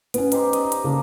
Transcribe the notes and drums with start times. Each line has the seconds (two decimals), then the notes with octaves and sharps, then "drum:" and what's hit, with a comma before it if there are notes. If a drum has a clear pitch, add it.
0.14 B3 C#4, drum: hi-hat
0.32 D#4 G4 C5, drum: hi-hat
0.53 D5 D#5, drum: hi-hat
0.72 drum: hi-hat
0.84 C#3 A#3 D4